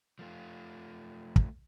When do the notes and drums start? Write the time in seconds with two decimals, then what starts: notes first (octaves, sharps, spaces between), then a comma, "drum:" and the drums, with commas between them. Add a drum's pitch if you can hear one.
0.19 F3 A3 F4
1.36 drum: kick